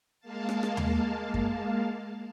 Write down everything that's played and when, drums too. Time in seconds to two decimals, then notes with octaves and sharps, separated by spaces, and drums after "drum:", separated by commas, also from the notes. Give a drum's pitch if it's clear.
0.20 G#3 A#3 F5 A5
0.49 drum: rim click
0.63 drum: rim click
0.77 drum: tom D#2
1.34 drum: kick F#2